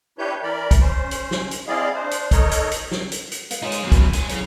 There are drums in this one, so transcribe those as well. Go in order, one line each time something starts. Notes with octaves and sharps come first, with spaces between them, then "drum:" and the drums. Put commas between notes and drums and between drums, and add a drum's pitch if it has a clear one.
D4 E4 G4 B4 C#5 G6
E3 A#4 D5 B5
drum: kick, hi-hat
C#4 C5
drum: hi-hat
drum: snare
drum: hi-hat
C4 E4 G#4 D5 D#5 F5
D4 C5
drum: hi-hat
D#4 A4 A#4 C#5 D#5, drum: kick, hi-hat
drum: hi-hat
drum: hi-hat
drum: snare
drum: hi-hat
drum: hi-hat
B4 E5 F5, drum: hi-hat
D#4 F4 G#4 C#5
drum: hi-hat
F#2 B2
drum: kick, hi-hat
G3 G#5, drum: hi-hat
F#3 E4 G#4 C#5, drum: hi-hat